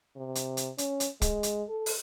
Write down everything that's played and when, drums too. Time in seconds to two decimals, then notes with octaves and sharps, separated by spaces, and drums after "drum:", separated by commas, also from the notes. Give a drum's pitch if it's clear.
0.17 C3
0.35 drum: hi-hat
0.57 drum: hi-hat
0.78 C#4, drum: hi-hat
1.00 drum: hi-hat
1.21 G#3, drum: kick, hi-hat
1.43 drum: hi-hat
1.69 A4
1.86 drum: open hi-hat